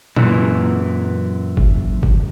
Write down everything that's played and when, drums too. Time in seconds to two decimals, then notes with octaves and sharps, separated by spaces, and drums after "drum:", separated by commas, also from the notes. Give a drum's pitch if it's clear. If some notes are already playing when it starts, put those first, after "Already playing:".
0.16 F#2 A#2 E3, drum: tom A#2
1.57 drum: kick G1
2.03 drum: kick G1